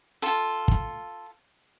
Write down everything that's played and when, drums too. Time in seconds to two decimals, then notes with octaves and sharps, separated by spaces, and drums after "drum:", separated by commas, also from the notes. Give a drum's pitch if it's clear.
0.22 F4 A4
0.68 drum: kick